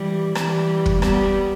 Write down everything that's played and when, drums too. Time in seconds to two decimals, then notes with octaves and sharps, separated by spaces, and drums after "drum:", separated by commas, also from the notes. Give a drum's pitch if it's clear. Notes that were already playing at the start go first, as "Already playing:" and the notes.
Already playing: E3 G3
0.35 E3 G3, drum: rim click
0.86 drum: kick
1.02 G3 B3, drum: rim click